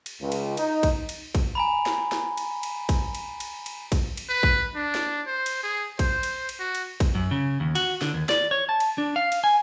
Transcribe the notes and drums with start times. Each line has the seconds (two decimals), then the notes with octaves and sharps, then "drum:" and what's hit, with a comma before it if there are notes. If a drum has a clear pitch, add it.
0.06 drum: cymbal
0.20 C#2
0.32 drum: cymbal
0.57 D#4, drum: cymbal
0.83 drum: kick, cymbal
1.09 drum: cymbal
1.35 drum: kick, cymbal
1.55 G#5 A#5 B5
1.86 drum: snare
2.12 drum: snare
2.37 drum: cymbal
2.63 drum: cymbal
2.89 drum: kick, cymbal
3.15 drum: cymbal
3.40 drum: cymbal
3.66 drum: cymbal
3.92 drum: kick, cymbal
4.17 drum: cymbal
4.29 B4
4.43 drum: kick
4.75 D4
4.95 drum: snare
5.27 C5
5.46 drum: cymbal
5.63 G#4
5.99 C5, drum: kick, cymbal
6.23 drum: cymbal
6.49 drum: cymbal
6.60 F#4
6.75 drum: cymbal
7.00 drum: kick, cymbal
7.15 F#2
7.31 C#3
7.60 D#2
7.75 F#4, drum: cymbal
8.01 D3, drum: snare
8.14 D#2
8.29 D5, drum: snare
8.51 C#5
8.69 A5
8.80 drum: cymbal
8.98 D4
9.16 F5
9.32 drum: cymbal
9.44 G#5